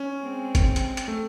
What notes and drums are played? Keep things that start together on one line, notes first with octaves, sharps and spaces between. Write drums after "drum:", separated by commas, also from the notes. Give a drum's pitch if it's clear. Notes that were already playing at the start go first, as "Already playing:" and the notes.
Already playing: C#4
G#3 C4
drum: kick, hi-hat
drum: hi-hat
drum: hi-hat
A3